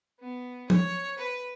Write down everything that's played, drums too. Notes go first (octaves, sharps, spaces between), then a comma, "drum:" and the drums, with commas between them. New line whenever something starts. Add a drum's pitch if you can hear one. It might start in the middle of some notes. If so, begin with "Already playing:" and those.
B3
C#5, drum: tom F3
B4